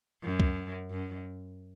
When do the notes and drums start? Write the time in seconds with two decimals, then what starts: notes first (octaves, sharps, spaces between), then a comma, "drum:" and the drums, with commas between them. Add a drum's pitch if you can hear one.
0.24 F#2
0.40 drum: kick C#2
0.91 F#2